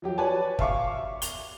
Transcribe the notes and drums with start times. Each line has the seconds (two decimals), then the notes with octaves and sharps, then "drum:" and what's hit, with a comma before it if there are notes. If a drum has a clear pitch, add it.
0.02 F3 F#3 G4
0.18 B4 C#5 D5 G#5 A5
0.59 E5 F5 C#6 D6, drum: kick
1.22 F7 G7, drum: hi-hat